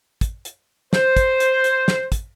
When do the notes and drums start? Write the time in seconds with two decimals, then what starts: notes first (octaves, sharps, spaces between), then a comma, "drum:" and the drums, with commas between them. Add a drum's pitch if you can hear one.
0.21 drum: kick, hi-hat
0.45 drum: hi-hat
0.93 C5, drum: snare
1.17 drum: kick, hi-hat
1.40 drum: hi-hat
1.64 drum: hi-hat
1.88 drum: snare
2.12 drum: kick, hi-hat